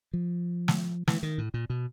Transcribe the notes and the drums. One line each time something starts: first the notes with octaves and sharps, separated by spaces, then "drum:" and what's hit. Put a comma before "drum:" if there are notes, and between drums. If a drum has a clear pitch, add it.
F3
drum: snare
E3, drum: snare
D#3
A2
A#2
B2